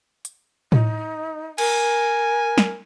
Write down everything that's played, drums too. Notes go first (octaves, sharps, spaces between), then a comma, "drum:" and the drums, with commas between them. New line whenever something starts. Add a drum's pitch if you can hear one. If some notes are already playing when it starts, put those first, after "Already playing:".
drum: hi-hat
D#4, drum: tom A2
A#4 G#5, drum: cymbal
drum: snare